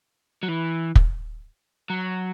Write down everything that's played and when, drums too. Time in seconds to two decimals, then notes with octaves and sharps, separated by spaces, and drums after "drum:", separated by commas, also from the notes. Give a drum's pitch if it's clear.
0.43 F#3
0.48 E3
0.95 drum: kick
1.90 F#3